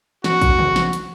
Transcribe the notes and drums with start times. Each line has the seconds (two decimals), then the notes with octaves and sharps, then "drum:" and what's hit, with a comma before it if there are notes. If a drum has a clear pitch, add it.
0.24 F#4, drum: snare
0.42 drum: kick, hi-hat
0.59 drum: tom C3
0.76 drum: snare
0.93 drum: hi-hat